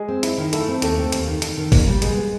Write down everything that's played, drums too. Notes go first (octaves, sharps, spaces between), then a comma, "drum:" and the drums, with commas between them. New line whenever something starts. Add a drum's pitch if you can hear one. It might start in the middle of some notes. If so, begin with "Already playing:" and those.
Already playing: G#3 G#4
C4
E4, drum: hi-hat
D#3
A3 E4 A4, drum: hi-hat
C4
D#2 A3 A4, drum: hi-hat
C4
D#2, drum: hi-hat
D#3
D#3, drum: hi-hat
D#3
A#3, drum: kick, open hi-hat
G3
G#3 B3 G#4, drum: hi-hat
B3